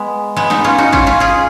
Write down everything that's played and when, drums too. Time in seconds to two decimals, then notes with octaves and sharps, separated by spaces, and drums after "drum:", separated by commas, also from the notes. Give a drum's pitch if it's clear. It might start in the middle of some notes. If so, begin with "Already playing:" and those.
Already playing: G#3 B3
0.36 G#3 B3
0.50 B3 D#4, drum: snare
0.64 C#4 F4
0.78 D#4 F#4
0.93 C#4 F4, drum: kick
1.06 C#4 F4
1.20 F4 G#4